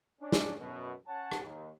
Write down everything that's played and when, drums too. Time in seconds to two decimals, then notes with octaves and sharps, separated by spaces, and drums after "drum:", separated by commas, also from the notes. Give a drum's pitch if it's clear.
0.21 C#4 D4
0.32 drum: snare
0.58 F#2 B2
1.07 C#4 C#5 F#5 G#5 A5
1.32 drum: rim click
1.43 D#2